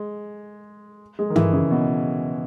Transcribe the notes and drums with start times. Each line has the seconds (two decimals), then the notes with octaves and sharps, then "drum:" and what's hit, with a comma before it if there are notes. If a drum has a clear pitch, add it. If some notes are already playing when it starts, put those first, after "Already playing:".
Already playing: G#3
1.19 G#3
1.30 D#3
1.36 E3, drum: tom
1.53 C#3
1.71 B2